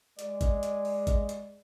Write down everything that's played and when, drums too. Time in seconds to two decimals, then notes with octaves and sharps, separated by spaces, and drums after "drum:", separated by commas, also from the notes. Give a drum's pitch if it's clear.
0.19 G#3 D5, drum: hi-hat
0.41 drum: kick G#1, hi-hat
0.63 drum: hi-hat
0.85 drum: open hi-hat
1.07 drum: kick G#1, hi-hat
1.29 drum: hi-hat